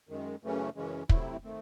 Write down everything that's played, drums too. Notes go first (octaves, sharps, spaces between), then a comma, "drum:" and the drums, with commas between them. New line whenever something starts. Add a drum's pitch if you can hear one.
F#2 D#3 G#3
F#2 C#3 E3 A3 C#4
F#2 C#3 E3 G#3 C#4
C3 F#3 A3 C4 E4, drum: kick
D#3 A3 C4